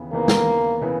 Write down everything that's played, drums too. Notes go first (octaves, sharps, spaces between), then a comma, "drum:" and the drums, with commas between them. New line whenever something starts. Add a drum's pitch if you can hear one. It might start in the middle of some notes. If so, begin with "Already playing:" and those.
Already playing: D#2 C#3 E3 B3
D#2 C#3 E3 A#3 B3
drum: snare
C#3 E3 B3